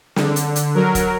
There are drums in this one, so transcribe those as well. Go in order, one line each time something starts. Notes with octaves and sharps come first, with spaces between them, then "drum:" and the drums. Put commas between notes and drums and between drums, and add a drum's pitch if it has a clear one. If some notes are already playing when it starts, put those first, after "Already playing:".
D3, drum: snare
drum: hi-hat
drum: hi-hat
F#3 A#4
drum: kick, hi-hat